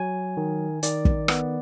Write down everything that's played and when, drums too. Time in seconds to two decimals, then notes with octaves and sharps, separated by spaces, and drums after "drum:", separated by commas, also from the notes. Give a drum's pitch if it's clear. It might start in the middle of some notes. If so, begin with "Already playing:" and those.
Already playing: F#3 G#5
0.37 D#3
0.83 D#3 D5, drum: hi-hat
1.05 drum: kick
1.28 B3, drum: rim click